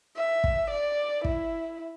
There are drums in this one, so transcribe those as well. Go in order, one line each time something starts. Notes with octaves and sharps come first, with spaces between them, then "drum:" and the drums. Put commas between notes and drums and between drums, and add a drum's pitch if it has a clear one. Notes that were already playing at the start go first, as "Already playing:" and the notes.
E5
drum: kick
D5
E4, drum: kick